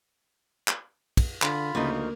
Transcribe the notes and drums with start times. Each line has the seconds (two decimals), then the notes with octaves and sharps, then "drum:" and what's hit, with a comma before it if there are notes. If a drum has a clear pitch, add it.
0.68 drum: clap
1.17 drum: kick, cymbal
1.42 D3 F4 B5, drum: clap
1.75 D2 C#3 F3 A#3 D#4